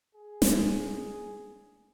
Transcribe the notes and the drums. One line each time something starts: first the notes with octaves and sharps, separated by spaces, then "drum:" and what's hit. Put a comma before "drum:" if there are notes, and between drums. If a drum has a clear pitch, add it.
G#4
drum: snare